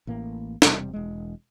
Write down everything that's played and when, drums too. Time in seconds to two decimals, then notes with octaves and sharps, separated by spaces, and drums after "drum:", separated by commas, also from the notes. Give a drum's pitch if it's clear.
0.07 A1 A2 A#3
0.62 E1 C3 G3, drum: snare
0.93 E1 G#3